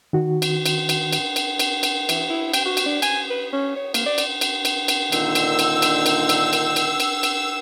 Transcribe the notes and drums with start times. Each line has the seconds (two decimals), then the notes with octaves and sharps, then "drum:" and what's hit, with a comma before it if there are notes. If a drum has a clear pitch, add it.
0.13 D#3 F#4
0.42 drum: cymbal
0.66 drum: cymbal
0.89 drum: cymbal
1.13 drum: cymbal
1.36 drum: cymbal
1.59 drum: cymbal
1.83 drum: cymbal
2.09 E3, drum: cymbal
2.30 E4
2.54 G5, drum: cymbal
2.65 F#4
2.77 drum: cymbal
2.86 D4
3.02 G#5, drum: cymbal
3.30 B4
3.53 C#4
3.76 C#5
3.94 A#3, drum: cymbal
4.06 D5
4.18 drum: cymbal
4.41 drum: cymbal
4.65 drum: cymbal
4.88 drum: cymbal
5.12 A#2 D3 D#3 C4 E6, drum: cymbal
5.35 drum: cymbal
5.59 drum: cymbal
5.82 drum: cymbal
6.06 drum: cymbal
6.29 drum: cymbal
6.53 drum: cymbal
6.76 drum: cymbal
7.00 drum: cymbal
7.23 drum: cymbal